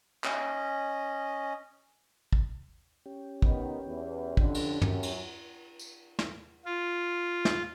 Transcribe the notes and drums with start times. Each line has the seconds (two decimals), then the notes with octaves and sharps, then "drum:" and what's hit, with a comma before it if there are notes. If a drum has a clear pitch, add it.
0.24 C#4 D#5, drum: clap
2.33 drum: kick
3.06 C#4 G4
3.42 D#3 B3, drum: kick
3.86 E2
4.37 F2 D3, drum: kick
4.55 drum: cymbal
4.82 F#2, drum: tom
5.03 drum: cymbal
5.79 drum: tambourine
6.19 drum: snare
6.65 F4
7.45 drum: snare